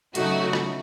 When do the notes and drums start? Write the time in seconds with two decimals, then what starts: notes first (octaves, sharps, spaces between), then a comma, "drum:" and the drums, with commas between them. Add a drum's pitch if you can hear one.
0.15 C#3 F#3 A3 D#4 F#4, drum: hi-hat
0.53 drum: rim click